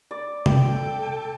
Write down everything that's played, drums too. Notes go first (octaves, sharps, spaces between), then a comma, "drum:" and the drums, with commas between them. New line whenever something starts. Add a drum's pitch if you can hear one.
D5
A4 G5 A5, drum: tom C3